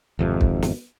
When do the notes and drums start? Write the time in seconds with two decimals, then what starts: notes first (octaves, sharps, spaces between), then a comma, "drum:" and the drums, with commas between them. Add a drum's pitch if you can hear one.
0.19 G#1 F2 C3
0.41 drum: kick
0.62 drum: snare